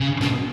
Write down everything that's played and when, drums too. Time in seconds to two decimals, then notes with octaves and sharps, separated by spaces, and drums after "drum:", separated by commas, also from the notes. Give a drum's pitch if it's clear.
0.01 C#3
0.21 B2, drum: snare